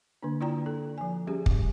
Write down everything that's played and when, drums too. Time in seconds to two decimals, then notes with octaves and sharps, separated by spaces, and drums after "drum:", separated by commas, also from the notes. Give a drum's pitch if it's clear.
0.23 D3 A#3 D4
0.41 E4 F4 D5 G5 A#5
0.66 A4
0.98 F3 G#5
1.27 G3 C#4 G4 G#4
1.46 drum: kick